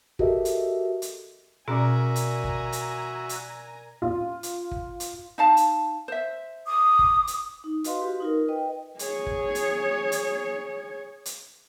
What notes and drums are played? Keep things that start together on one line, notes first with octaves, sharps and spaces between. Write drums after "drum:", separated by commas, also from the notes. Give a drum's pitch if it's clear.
F#4 G4 A4 A#4 D#5 E5, drum: kick
drum: hi-hat
drum: hi-hat
B2 C#4 F#4 A#4 D5 E5 G#5 A#5
drum: hi-hat
drum: kick
drum: hi-hat
drum: hi-hat
F4
drum: hi-hat
drum: kick
drum: hi-hat
D#4 F5 A5
drum: hi-hat
C5 E5
D6 D#6
drum: kick
drum: hi-hat
D#4
F4 F#4 B4 D#5 F5 C6, drum: hi-hat
F#4 G4 B4 F5
D#4 F4 A#4
B4 D#5 G5
G#4 C#5, drum: hi-hat
drum: kick
drum: hi-hat
drum: hi-hat
drum: hi-hat